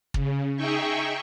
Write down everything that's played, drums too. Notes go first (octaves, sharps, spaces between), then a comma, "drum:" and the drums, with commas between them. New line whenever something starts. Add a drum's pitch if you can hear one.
C#3, drum: kick
D#4 G#4 E5 G5 C#6